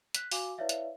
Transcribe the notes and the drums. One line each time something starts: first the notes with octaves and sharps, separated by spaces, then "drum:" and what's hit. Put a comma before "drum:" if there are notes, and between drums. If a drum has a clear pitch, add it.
F#6 B6, drum: hi-hat
F#4 F5 G#5 D6, drum: open hi-hat
E4 B4 C#5 D5 E5 F5
drum: hi-hat